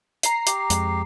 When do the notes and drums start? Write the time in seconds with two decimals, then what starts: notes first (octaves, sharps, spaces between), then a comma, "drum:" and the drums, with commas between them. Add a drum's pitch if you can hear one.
0.23 A#5 C7, drum: hi-hat
0.47 G4, drum: hi-hat
0.70 F2 G#3, drum: hi-hat